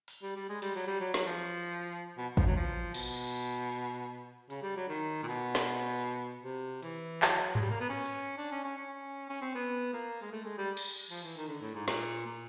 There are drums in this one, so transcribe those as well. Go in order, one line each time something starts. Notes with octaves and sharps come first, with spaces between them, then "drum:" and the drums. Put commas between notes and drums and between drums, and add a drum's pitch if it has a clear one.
drum: open hi-hat
G3
G3
G#3
G3, drum: cymbal
F#3
G3
F#3
F#3, drum: snare
F3
B2
F3, drum: kick
F#3
F3
B2, drum: cymbal
C#3, drum: hi-hat
G3
F#3
D#3
A#2
B2
drum: snare
drum: hi-hat
C3
E3, drum: hi-hat
F#3, drum: clap
G#3, drum: tom G#2
G3
A#3
B3
C#4
drum: hi-hat
D4
C#4
C#4
C#4
C#4
C4
B3
A#3
G#3
A3
G#3
G3
drum: cymbal
F3
E3
D#3
D3
A2
G#2
A#2, drum: snare
A#2